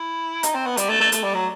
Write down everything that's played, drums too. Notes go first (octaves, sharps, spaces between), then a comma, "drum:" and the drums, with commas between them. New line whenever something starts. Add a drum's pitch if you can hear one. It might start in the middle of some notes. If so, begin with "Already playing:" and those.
Already playing: E4
D#4, drum: hi-hat
C4
B3
G3, drum: hi-hat
A3
A3
A3, drum: hi-hat
G3
F#3